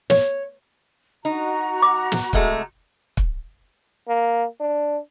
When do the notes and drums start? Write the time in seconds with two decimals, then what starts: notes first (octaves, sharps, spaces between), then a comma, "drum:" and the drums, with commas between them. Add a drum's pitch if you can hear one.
0.10 C#5, drum: snare
1.25 D#4 F#4 A#5
1.82 D6
2.12 drum: snare
2.33 C3 G#3 A3, drum: kick
3.17 drum: kick
4.08 A#3
4.60 D4